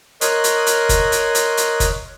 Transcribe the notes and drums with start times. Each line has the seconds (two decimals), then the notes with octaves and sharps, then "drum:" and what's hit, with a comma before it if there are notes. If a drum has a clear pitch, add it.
0.21 A#4 C#5 D#5 C6 D#6 F#6, drum: hi-hat
0.44 drum: hi-hat
0.67 drum: hi-hat
0.89 drum: kick, hi-hat
1.12 drum: hi-hat
1.35 drum: hi-hat
1.57 drum: hi-hat
1.80 drum: kick, hi-hat